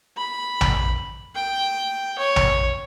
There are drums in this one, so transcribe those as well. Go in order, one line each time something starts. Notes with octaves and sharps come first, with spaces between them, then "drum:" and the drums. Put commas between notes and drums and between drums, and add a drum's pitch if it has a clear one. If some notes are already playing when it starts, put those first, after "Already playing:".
B5
drum: tom A#1
G5
C#5
drum: tom A#1